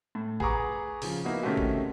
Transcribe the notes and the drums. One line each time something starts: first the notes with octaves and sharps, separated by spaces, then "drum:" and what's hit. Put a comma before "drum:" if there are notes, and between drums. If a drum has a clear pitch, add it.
A2
G#4 B4 F#5 A#5 C#6 D6, drum: kick A1
C#3 F3, drum: open hi-hat
A#3 B3 D#4 E4 F#4
C3 D#3 A3 C4 C#4 F#4
drum: kick A1